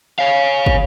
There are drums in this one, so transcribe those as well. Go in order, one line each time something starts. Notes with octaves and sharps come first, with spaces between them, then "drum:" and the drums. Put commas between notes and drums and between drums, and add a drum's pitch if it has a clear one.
C#5 F5
drum: kick